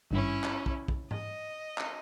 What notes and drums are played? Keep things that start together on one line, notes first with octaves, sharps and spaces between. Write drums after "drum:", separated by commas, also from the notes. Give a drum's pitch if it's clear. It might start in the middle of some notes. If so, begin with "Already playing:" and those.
G#1 G2 C#4 E4
drum: clap
drum: kick
drum: kick
D#5, drum: tom G#2
drum: clap